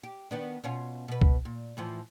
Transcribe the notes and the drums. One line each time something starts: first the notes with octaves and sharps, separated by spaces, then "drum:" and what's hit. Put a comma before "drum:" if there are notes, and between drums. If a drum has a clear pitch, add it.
G4
D#3 B3 D4
B2 C#4 F4
B2 B4
drum: kick C2
A#2
A2 E3 F3